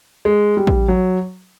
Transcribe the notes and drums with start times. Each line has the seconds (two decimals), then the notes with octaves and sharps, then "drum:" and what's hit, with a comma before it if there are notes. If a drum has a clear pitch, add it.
0.25 G#3
0.57 G3
0.67 drum: kick
0.88 F#3